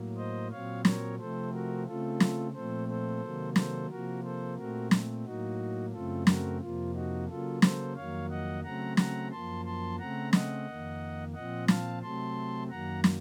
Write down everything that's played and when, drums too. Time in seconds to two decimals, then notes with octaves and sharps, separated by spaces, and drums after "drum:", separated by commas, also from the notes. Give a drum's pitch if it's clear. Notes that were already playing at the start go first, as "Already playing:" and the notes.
Already playing: A2 F#3 A#3
0.17 C5 D#5
0.51 A#2 F#3 C4 C#5 F5
0.85 A#4 C#5, drum: snare
1.19 C3 F3 A3 C4 A4 C5
1.53 F#4 A#4
1.86 C#3 A3 C4 F4 A4
2.20 drum: snare
2.54 A#2 F3 A3 C4 A4 C5
2.88 A4 C5
3.22 C3 D#3 F#3 A#3
3.56 A4 C5, drum: snare
3.89 C3 F3 A#3 F#4 A#4
4.23 A4 C5
4.57 A#2 A3 C4 F#4 A#4
4.91 drum: snare
5.25 A2 F#3 A#3 D#4 F#4
5.93 F#2 C#3 A3 C4 F4 A4
6.27 F#4 A#4, drum: snare
6.60 F2 C3 F3 A#3 F4
6.94 D#4 F#4
7.28 C#3 F#3 A#3 F4 A4
7.62 A4 C5, drum: snare
7.96 F2 D#3 F#3 A#3 C#5 F5
8.30 D#5 F#5
8.63 C#3 F#3 A3 C4 F#5 A#5
8.97 F#5 A#5, drum: snare
9.31 F#2 F3 A#3 A5 C6
9.65 A5 C6
9.99 C#3 A3 C4 F#5 A#5
10.33 D#5 F#5, drum: snare
10.67 F2 D#3 A#3
11.34 A#2 F3 C4 D#5 F#5
11.68 F5 A5, drum: snare
12.02 C3 F#3 A3 C4 A5 C6
12.70 F#2 D#3 F#3 A#3 F#5 A#5
13.04 drum: snare